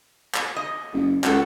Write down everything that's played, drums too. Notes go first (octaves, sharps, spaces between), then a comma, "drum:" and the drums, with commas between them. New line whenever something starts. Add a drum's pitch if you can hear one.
drum: clap
D#5
F#1
C#2 F#4 A4, drum: clap